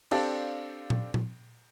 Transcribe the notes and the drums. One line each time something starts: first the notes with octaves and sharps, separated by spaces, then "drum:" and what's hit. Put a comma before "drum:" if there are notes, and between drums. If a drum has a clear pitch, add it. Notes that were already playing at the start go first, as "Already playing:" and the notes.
C4 D4 G4 A4 D5 F5, drum: cymbal
drum: tom A#2
drum: tom A#2